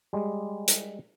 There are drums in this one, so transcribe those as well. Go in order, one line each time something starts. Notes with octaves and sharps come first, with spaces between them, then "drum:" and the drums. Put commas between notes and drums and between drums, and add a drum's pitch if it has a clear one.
G3 G#3
drum: hi-hat